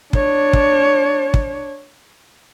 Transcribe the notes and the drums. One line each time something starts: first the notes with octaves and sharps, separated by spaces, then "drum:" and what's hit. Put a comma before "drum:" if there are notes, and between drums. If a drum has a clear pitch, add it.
D4 C#5, drum: kick
drum: kick
drum: kick